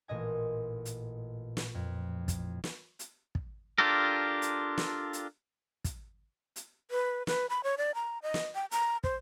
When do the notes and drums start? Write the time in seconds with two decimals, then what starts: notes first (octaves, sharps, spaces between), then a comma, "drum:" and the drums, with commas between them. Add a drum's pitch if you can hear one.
0.08 A1 A#2 D#5 G#5
0.85 drum: hi-hat
1.57 drum: snare
1.74 F2
2.28 drum: kick, hi-hat
2.64 drum: snare
2.99 drum: hi-hat
3.35 drum: kick
3.78 D4 F4 G4 A4 A#4
4.42 drum: hi-hat
4.78 drum: snare
5.13 drum: hi-hat
5.84 drum: kick, hi-hat
6.56 drum: hi-hat
6.91 B4
7.27 B4, drum: snare
7.50 B5
7.64 C#5
7.78 D5
7.95 A#5
8.22 D#5
8.34 drum: snare
8.55 G5
8.71 A#5, drum: hi-hat
9.04 C5, drum: kick